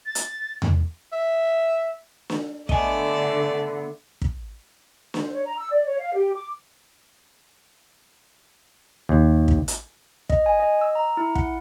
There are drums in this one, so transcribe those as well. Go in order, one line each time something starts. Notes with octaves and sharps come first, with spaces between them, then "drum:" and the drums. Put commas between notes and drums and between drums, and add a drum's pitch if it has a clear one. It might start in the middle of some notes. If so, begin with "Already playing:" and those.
A6
drum: hi-hat
drum: tom E2
E5
drum: snare
D3 A3 B3 D5 D#5 G#5, drum: kick
drum: kick
C5, drum: snare
C#5
A#5
E6
D5
C#5
F5
G4
D6
D#2
drum: kick
drum: hi-hat
D#5, drum: kick
G#5
D#5
E6
A#5
E4
F#5, drum: kick